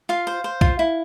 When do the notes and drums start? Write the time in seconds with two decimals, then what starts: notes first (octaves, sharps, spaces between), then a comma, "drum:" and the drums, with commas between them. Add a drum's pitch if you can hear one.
0.09 F4 F5
0.27 C5
0.44 C5
0.61 F4, drum: kick B1
0.79 E4